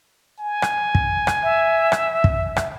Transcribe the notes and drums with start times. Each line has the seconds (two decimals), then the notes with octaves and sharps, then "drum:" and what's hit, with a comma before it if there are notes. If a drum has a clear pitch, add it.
0.39 G#5
0.62 drum: rim click
0.95 drum: kick
1.27 drum: rim click
1.43 E5
1.92 drum: rim click
2.24 drum: kick
2.56 drum: rim click